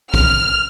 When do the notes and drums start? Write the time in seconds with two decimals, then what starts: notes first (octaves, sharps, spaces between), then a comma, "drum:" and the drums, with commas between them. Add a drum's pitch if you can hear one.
0.14 F6, drum: kick, hi-hat